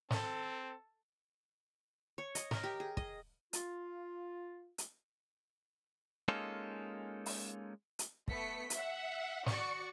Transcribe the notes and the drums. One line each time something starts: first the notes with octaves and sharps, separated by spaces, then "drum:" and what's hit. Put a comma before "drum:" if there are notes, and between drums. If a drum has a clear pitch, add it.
C4 A4, drum: snare
C#5
D#5, drum: hi-hat
A#4, drum: snare
G4
G#4
D#5, drum: kick
F4, drum: hi-hat
drum: hi-hat
G#3 A#3 C#4 D#4 F4 A4
drum: open hi-hat
drum: hi-hat
A3 B3 B6 C#7, drum: kick
E5 F#5, drum: hi-hat
F#4 D5 C#6 C#7, drum: snare